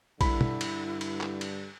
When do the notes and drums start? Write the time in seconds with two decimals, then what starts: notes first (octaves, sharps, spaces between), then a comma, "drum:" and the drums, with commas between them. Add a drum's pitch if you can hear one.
0.21 G2 D3 E4 B5, drum: kick, cymbal
0.41 drum: tom
0.61 drum: cymbal
1.01 drum: cymbal
1.21 drum: clap
1.41 drum: cymbal